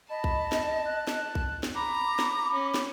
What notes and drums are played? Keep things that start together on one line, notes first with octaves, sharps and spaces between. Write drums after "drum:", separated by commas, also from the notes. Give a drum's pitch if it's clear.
D#5 A5 B5
drum: kick A#1
drum: snare
F#6
drum: snare
drum: kick A#1
drum: snare
A#5 B5 D6
drum: snare
C#4
drum: snare